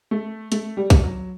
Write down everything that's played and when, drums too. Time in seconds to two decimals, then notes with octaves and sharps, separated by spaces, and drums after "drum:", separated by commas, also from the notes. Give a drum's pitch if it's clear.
0.11 A3
0.52 A3, drum: hi-hat
0.77 G3
0.90 drum: kick C2, hi-hat
1.04 F#3